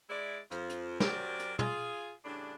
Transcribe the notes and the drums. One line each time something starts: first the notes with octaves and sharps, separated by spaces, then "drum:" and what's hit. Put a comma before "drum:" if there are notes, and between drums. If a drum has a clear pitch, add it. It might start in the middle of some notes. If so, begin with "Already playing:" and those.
G#3 E4 D5
F2 F3, drum: hi-hat
drum: hi-hat
F#2 F#3 G4 A#4 C5 D5, drum: snare
drum: hi-hat
F4 G#4, drum: tom
A2 C#3 G3 D4